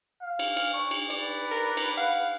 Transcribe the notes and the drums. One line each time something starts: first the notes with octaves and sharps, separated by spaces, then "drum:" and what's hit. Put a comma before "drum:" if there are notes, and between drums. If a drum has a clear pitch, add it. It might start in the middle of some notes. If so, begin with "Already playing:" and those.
F5
drum: cymbal
drum: cymbal
D4 C#6
drum: cymbal
B4 D5, drum: cymbal
A#4
drum: cymbal
F5 F#5